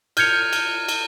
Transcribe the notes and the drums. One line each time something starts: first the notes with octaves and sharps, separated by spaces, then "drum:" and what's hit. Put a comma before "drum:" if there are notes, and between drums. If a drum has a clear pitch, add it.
F6 G6 G#6 C#7 F7, drum: cymbal
drum: cymbal
drum: cymbal